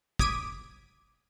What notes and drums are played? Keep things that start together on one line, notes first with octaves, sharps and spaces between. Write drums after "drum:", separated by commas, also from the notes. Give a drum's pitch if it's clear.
D6 D#6 G#6 B6 D7 D#7, drum: kick